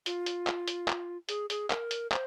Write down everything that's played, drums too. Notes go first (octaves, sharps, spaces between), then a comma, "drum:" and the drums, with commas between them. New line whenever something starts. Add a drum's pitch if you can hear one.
F4, drum: hi-hat
drum: hi-hat
drum: clap
drum: hi-hat
drum: clap
G#4, drum: hi-hat
G#4, drum: hi-hat
A#4, drum: clap
drum: hi-hat
C5, drum: clap